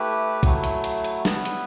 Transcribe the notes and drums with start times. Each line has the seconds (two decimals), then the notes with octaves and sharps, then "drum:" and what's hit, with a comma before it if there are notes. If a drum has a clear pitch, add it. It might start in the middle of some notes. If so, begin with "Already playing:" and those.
Already playing: A3 E4 G4 B4
0.43 F#3 A3 E4, drum: kick, hi-hat
0.64 drum: hi-hat
0.84 drum: hi-hat
1.04 drum: hi-hat
1.25 G3 B3 E4 B4, drum: snare
1.45 drum: hi-hat